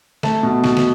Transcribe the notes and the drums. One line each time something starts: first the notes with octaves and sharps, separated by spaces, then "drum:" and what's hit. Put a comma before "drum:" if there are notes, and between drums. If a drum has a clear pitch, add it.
A3 A5, drum: snare
B2
B2, drum: snare
drum: snare